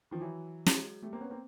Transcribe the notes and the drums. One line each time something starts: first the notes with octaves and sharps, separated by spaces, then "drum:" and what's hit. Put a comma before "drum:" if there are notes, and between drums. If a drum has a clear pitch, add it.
D#3 F3
E3 F#3
F#3 G#3, drum: snare
G3 A3
A#3 C4
B3 C#4
A#3 C4